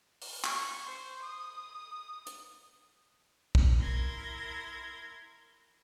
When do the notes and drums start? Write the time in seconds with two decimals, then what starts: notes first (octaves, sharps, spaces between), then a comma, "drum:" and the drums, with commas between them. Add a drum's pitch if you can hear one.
0.22 drum: open hi-hat
0.44 C#6, drum: clap
0.86 C5
1.22 D#6
2.27 drum: hi-hat
3.55 drum: kick
3.79 E4 A#4 C6 G#6 A#6